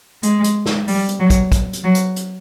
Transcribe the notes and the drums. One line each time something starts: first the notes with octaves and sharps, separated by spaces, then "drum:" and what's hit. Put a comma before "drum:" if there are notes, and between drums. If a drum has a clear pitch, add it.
G#3, drum: hi-hat
drum: hi-hat
drum: snare
G3, drum: open hi-hat
drum: hi-hat
F#3
drum: kick, hi-hat
drum: kick, hi-hat
drum: hi-hat
F#3
drum: hi-hat
drum: hi-hat